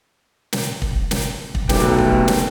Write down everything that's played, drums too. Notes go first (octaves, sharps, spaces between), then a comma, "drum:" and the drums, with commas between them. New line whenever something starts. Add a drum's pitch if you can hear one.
drum: snare
drum: kick
drum: snare
drum: kick
B1 A3 G4 B4, drum: snare
drum: kick
drum: snare